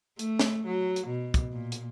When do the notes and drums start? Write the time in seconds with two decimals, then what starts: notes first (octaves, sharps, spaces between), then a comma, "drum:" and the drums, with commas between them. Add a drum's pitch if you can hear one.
0.19 A3, drum: hi-hat
0.39 drum: snare
0.66 F#3
0.96 drum: hi-hat
1.07 B2
1.34 drum: kick, hi-hat
1.53 A#2
1.72 drum: hi-hat